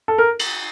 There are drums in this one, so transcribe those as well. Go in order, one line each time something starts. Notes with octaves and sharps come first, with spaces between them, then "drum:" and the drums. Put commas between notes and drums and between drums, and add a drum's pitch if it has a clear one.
A4
A#4
drum: cymbal